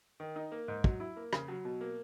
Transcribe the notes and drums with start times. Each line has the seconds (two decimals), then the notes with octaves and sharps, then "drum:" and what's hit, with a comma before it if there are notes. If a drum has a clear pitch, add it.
0.20 D#3
0.36 D#4
0.52 A#3
0.68 G#2
0.84 F#3, drum: kick
1.00 E4
1.17 A#3
1.33 C#3, drum: rim click
1.48 F#3
1.65 B2
1.81 A#3